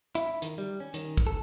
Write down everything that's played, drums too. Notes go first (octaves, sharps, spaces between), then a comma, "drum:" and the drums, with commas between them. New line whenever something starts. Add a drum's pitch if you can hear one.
E4, drum: hi-hat
D#3, drum: hi-hat
G3
C#4
D#3, drum: hi-hat
drum: kick
A4